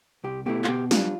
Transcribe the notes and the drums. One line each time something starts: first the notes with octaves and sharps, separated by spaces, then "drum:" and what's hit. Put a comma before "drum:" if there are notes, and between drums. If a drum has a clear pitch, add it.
C2 G4
B2 A3 E4 G4
F4, drum: clap
B2 G4
G3 D4 F4, drum: snare